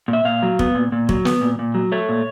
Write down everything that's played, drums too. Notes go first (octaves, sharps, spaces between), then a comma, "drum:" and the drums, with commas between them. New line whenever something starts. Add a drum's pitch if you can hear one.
A#2
E5
A#2 F5
F#3
B3, drum: kick F1
A#2
A#2
F#3, drum: kick F1
B3, drum: snare
A#2
A#2
F#3
A3 C#5
A#2